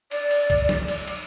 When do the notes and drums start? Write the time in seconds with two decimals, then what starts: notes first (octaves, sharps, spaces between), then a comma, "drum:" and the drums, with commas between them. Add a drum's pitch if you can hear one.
0.11 D5, drum: cymbal
0.31 drum: cymbal
0.50 drum: kick C2, cymbal
0.69 drum: snare
0.88 drum: cymbal
1.07 drum: cymbal